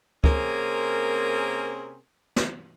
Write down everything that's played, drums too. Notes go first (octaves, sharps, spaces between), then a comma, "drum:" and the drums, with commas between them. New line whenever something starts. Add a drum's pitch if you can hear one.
C3 A#3 C4 C#4 G#4 A#4, drum: kick
drum: snare